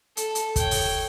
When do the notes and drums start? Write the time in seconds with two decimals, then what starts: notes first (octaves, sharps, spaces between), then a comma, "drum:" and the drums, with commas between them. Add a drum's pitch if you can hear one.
0.17 A4, drum: hi-hat
0.35 drum: hi-hat
0.56 C#5 G5, drum: kick, hi-hat
0.71 drum: open hi-hat